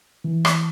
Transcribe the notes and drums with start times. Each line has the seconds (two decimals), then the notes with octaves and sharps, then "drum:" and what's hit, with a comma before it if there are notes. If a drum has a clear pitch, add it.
0.24 E3
0.45 drum: rim click